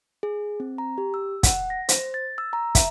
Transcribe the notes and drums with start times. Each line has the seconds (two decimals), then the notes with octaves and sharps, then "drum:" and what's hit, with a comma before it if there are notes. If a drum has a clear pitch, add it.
0.23 G#4
0.60 C4
0.78 A#5
0.98 G4
1.14 E6
1.43 F#5, drum: kick, hi-hat
1.70 A#6
1.89 C5, drum: hi-hat
2.14 A6
2.38 E6
2.53 A#5
2.75 E5, drum: kick, hi-hat